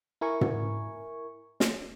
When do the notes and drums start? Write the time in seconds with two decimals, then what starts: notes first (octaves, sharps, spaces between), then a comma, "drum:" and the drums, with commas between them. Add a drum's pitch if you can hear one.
0.21 E4 A#4 G#5 C#6
0.41 drum: tom
1.60 drum: snare